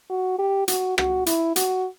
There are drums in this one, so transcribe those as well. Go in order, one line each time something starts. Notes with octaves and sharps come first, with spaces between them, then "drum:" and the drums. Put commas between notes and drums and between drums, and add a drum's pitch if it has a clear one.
F#4
G4
F#4, drum: hi-hat
F#4, drum: rim click
E4, drum: hi-hat
F#4, drum: hi-hat